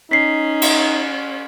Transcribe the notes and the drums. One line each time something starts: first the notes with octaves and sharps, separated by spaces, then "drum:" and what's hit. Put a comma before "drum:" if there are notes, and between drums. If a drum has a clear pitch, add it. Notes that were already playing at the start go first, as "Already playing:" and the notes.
C#4 D#4 B6 C7
drum: cymbal